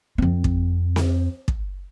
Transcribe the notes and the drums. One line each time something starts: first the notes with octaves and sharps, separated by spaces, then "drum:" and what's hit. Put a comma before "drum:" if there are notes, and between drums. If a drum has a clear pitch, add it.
F2 C4
drum: kick
drum: snare C4
drum: kick